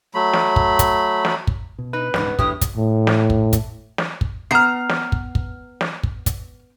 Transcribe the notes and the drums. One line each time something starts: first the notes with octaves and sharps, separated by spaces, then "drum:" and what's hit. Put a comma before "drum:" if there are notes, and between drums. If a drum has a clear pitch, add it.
F#3 A3 B5
drum: snare
drum: kick
drum: kick, hi-hat
drum: snare
drum: kick
B2
D#4 B4
D#1 G#2 C#3 B3 D#4, drum: snare
G1 E2 A2 D4 G4 C#5 D#6, drum: kick
drum: kick, hi-hat
A2
drum: snare
drum: kick
drum: kick, hi-hat
drum: snare
drum: kick
B3 A#5 F6 C7
drum: snare
drum: kick
drum: kick
drum: snare
drum: kick
drum: kick, hi-hat